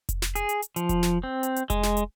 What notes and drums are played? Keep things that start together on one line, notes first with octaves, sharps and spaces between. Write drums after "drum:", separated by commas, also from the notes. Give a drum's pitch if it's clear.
drum: kick F1, hi-hat
drum: snare
G#4, drum: hi-hat
drum: hi-hat
drum: hi-hat
F3, drum: hi-hat
drum: kick F1, hi-hat
drum: snare
C4
drum: hi-hat
drum: hi-hat
G#3, drum: kick F1, hi-hat
drum: snare
drum: hi-hat